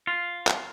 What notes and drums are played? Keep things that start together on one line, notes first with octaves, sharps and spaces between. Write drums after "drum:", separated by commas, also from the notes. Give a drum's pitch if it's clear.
F4
drum: clap